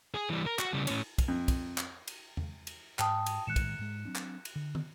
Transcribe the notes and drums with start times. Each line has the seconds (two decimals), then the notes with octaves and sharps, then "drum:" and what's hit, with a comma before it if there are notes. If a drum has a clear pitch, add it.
0.14 G#4
0.30 E3 G3
0.46 A#4
0.59 F#4, drum: clap
0.73 C#3 G3
0.87 A2 C#4, drum: cymbal
1.18 drum: kick, cymbal
1.28 F2
1.48 drum: kick, cymbal
1.78 drum: clap
2.08 drum: cymbal
2.37 drum: tom E2
2.67 drum: cymbal
2.99 G#2 G5 A5 D#6, drum: clap
3.26 drum: cymbal
3.47 A2 D#3 G#3 F#6 C#7 E7
3.56 drum: kick, cymbal
3.79 G#2 G#3
4.05 F#3 C4 D4
4.15 drum: clap
4.45 drum: cymbal
4.56 D3
4.75 drum: tom